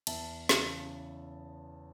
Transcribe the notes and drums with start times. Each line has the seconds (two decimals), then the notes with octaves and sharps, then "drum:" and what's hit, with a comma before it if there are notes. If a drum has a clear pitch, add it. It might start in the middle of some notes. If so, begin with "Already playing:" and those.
0.07 E2 E5 A5, drum: cymbal
0.49 C#3 E3, drum: snare